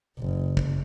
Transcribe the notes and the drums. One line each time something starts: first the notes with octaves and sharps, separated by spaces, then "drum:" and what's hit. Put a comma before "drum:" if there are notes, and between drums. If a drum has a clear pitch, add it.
F#1
drum: kick